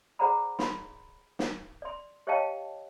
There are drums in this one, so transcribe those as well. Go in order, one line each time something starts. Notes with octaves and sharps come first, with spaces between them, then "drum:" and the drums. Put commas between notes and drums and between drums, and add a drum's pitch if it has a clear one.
G#4 C5 D5 F#5 A#5 B5
B5 C6, drum: snare
drum: snare
D5 C6
G4 C#5 D#5 F5 G5 A5